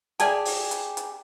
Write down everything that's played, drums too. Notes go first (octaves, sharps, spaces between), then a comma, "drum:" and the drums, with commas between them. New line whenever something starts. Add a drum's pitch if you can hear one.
G4 G#4 D5 G#5 A5, drum: hi-hat
drum: open hi-hat
drum: hi-hat
drum: hi-hat